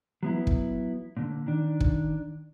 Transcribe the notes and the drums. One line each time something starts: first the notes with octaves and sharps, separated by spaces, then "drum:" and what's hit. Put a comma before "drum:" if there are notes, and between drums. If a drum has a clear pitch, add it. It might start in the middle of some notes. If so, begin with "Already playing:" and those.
F#3 B3 E4
drum: kick
A#2 D3
D#3 D4
drum: kick